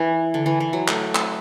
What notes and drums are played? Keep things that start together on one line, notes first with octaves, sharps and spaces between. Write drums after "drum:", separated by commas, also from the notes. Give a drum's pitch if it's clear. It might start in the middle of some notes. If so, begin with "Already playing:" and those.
Already playing: E3
D3
E3
E3
F#3
A3, drum: clap
drum: clap